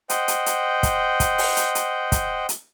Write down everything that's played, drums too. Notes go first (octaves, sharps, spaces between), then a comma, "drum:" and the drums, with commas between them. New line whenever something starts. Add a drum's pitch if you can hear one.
C5 D#5 F#5 G5, drum: hi-hat
drum: hi-hat
drum: hi-hat
drum: kick, hi-hat
drum: kick, hi-hat
drum: open hi-hat
drum: hi-hat
drum: hi-hat
drum: kick, hi-hat
drum: hi-hat